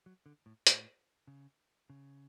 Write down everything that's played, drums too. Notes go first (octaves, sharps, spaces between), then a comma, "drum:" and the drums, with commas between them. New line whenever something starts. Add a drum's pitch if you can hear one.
F#3
D3
A2
A2, drum: hi-hat
C#3
C#3